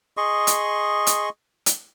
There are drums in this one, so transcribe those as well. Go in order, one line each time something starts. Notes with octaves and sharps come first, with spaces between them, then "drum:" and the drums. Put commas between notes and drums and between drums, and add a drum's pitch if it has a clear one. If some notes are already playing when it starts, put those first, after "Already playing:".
G#4 D#5 C6 C#6
drum: hi-hat
drum: hi-hat
drum: hi-hat